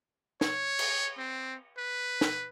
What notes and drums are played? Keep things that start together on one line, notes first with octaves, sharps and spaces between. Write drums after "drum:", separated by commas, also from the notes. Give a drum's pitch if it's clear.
C#5, drum: snare
drum: cymbal
C4
B4
drum: snare